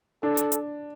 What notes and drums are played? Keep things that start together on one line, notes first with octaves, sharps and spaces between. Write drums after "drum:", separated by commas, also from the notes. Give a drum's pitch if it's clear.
D4 A4
drum: hi-hat
drum: hi-hat